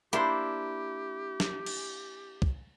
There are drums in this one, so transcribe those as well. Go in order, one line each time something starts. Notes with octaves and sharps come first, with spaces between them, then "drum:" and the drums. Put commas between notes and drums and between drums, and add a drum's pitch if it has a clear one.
A#3 D4 E4 G4 C5
drum: snare
drum: cymbal
drum: kick